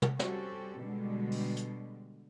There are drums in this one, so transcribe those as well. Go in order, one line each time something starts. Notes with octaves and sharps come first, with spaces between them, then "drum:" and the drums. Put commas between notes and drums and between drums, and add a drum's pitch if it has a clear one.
drum: tom
G3 C4 C#4 F#4 G4 A4, drum: snare
B2 D3 G3 G#3
drum: open hi-hat
drum: hi-hat